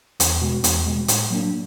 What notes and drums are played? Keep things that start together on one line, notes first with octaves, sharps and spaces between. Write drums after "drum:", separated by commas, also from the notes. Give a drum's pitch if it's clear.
E2, drum: hi-hat
B2 G#3
E2, drum: hi-hat
B2 G#3
A2, drum: hi-hat
F#3 A#3 D4